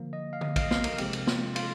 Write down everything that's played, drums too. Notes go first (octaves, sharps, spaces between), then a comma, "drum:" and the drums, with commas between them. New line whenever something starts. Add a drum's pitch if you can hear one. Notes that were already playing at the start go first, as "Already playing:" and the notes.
Already playing: D3 F3 A#3
D#5
F5
D#5, drum: tom D3
F5, drum: kick, cymbal
D#5
F5, drum: snare
A#4, drum: cymbal
C3 F3 G#3 C4 G4, drum: cymbal
drum: cymbal
F4, drum: snare
F4, drum: cymbal